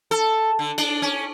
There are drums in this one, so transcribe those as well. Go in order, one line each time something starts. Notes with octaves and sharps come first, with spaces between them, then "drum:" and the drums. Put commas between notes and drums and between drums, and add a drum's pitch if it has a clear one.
A4
D3
D4, drum: cymbal
C#4